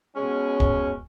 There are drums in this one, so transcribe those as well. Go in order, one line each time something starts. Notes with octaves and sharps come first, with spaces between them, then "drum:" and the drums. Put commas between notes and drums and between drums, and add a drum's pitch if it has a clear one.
B2 G#3 C#4
drum: kick